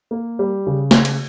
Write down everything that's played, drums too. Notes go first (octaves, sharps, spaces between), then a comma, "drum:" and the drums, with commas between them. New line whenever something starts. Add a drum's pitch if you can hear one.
A#3
G3
C#3
drum: snare
drum: cymbal